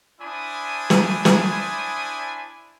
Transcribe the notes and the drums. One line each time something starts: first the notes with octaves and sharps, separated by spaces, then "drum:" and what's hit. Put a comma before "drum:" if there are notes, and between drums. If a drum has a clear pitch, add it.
D4 E4 C5 G#5 B5 D#6
drum: snare
drum: snare